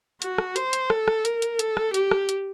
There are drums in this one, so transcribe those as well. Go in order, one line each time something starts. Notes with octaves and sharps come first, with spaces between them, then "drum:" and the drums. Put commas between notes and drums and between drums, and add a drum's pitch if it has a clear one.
F#4, drum: hi-hat
drum: rim click
C5, drum: hi-hat
drum: hi-hat
A4, drum: rim click
drum: rim click
A#4, drum: hi-hat
drum: hi-hat
A4, drum: hi-hat
drum: rim click
G4, drum: hi-hat
drum: rim click
drum: hi-hat